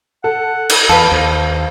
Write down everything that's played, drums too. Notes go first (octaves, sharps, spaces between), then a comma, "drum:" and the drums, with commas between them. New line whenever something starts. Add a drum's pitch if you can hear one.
A4 F#5
drum: cymbal
E2 A4 B4 F5 A5 F6
D#2 C5